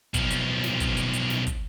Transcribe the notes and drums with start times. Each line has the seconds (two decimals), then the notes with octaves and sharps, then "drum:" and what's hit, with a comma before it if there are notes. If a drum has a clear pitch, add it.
0.14 B1 F3, drum: kick, hi-hat
0.30 drum: hi-hat
0.64 drum: snare
0.80 drum: kick, hi-hat
0.97 drum: hi-hat
1.13 drum: hi-hat
1.30 drum: snare
1.47 drum: kick, hi-hat